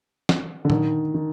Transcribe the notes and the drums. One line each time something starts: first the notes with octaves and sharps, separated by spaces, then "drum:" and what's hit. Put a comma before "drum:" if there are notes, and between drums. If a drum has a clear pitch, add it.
drum: snare
D3
D#3, drum: tom A#2
D#3